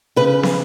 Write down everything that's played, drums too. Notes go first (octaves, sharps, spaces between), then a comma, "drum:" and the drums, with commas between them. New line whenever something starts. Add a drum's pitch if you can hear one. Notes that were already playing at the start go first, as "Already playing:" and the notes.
C#3 B4
drum: snare